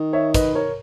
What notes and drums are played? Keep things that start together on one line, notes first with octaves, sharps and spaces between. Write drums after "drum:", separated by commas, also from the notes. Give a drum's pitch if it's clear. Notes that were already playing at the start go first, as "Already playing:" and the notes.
Already playing: D#3
C#5 E5
B4 D#5, drum: kick, hi-hat
A#4 C#5